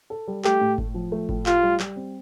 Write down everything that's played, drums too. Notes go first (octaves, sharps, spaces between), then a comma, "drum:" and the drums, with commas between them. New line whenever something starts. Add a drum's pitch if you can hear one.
A4
G3
A3 G4, drum: clap
A2
A2, drum: kick G1
F3
A3
A2, drum: kick G1
F4 G4, drum: clap
G3
G3, drum: clap
C4